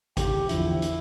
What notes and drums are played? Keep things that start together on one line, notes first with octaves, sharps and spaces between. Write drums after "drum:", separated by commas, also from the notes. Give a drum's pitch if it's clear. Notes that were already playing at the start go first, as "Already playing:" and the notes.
G4, drum: kick G#1, hi-hat
E2 D3 F3 E4, drum: hi-hat
drum: hi-hat